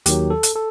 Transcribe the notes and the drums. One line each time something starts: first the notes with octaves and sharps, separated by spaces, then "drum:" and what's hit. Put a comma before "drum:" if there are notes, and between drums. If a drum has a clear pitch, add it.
D#2 D#3 F#3 G4, drum: hi-hat
A4
drum: hi-hat
A4